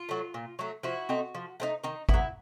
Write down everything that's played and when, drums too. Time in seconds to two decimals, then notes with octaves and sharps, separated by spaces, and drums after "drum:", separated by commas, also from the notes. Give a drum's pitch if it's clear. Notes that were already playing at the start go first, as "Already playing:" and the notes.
Already playing: F4
0.09 F#3 A3
0.34 A#2
0.59 F#3 A3
0.83 F3 E4 F#4
1.09 A3 C4 D#4
1.35 F3
1.60 A3 C4 D#4
1.84 D#3 D#4
2.09 F#3 B3 E4, drum: kick G#1